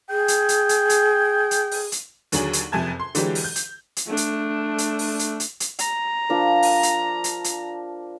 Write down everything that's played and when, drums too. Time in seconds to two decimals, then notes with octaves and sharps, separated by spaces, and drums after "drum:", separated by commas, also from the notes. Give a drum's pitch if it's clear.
0.10 G#4 G5
0.28 drum: hi-hat
0.49 drum: hi-hat
0.69 drum: hi-hat
0.90 drum: hi-hat
1.51 drum: hi-hat
1.71 drum: open hi-hat
1.92 drum: hi-hat
2.32 D#2 D3 F#3 G#4 F#7, drum: hi-hat
2.53 drum: hi-hat
2.72 F#1 F2 C3 G#5 A5 G#6
3.00 C6
3.15 D3 E3 F#3 G#3 G4, drum: hi-hat
3.35 drum: open hi-hat
3.44 G6
3.56 drum: hi-hat
3.96 drum: hi-hat
4.07 A3 D4
4.17 drum: hi-hat
4.78 drum: hi-hat
4.99 drum: open hi-hat
5.19 drum: hi-hat
5.40 drum: hi-hat
5.60 drum: hi-hat
5.79 A#5, drum: hi-hat
6.29 F3 D4 A#4
6.63 drum: open hi-hat
6.83 drum: hi-hat
7.24 drum: hi-hat
7.44 drum: hi-hat